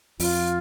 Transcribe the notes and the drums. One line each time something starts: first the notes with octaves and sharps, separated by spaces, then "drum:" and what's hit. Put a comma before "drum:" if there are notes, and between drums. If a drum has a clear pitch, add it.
F2 F4, drum: open hi-hat